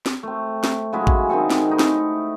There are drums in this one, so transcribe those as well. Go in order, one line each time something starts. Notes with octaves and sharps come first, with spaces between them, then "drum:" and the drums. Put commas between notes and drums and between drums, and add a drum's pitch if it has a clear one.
drum: snare
A3 C4
drum: snare
C#3 F#3 G#3 E4
drum: kick A1
D#3 G#3 C4 A4
drum: snare
A3 D#4 E4
drum: snare